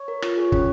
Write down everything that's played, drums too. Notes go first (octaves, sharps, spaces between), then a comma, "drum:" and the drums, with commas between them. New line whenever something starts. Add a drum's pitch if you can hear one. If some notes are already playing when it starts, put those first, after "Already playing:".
Already playing: C#5
A#4
F4, drum: rim click
G#4 C#5
C#4, drum: kick